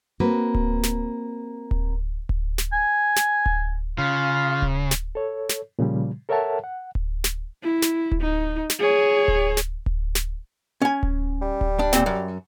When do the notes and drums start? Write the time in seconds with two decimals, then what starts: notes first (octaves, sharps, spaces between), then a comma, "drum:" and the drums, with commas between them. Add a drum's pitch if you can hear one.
0.20 A#3 C4 F#4 B4
0.54 drum: kick D1
0.84 drum: snare
1.71 drum: kick D1
2.29 drum: kick D1
2.58 drum: snare
2.73 G#5
3.17 drum: snare
3.46 drum: kick D1
3.98 C#3 F4
4.62 drum: kick D1
4.91 drum: snare
5.15 A4 C#5
5.49 drum: snare
5.79 A#2 C#3 F3 G3
6.29 A4 A#4 C#5 E5 F#5 A5
6.64 F#5
6.95 drum: kick D1
7.24 drum: snare
7.63 E4
7.82 drum: snare
8.12 drum: kick D1
8.21 D#4
8.70 drum: snare
8.79 G#4 C#5
9.28 drum: kick D1
9.57 drum: snare
9.86 drum: kick D1
10.15 drum: snare
10.82 C#4 G#5
11.03 drum: kick D1
11.42 G3
11.61 drum: kick D1
11.79 D4
11.93 A#2 C4, drum: snare
12.06 F#2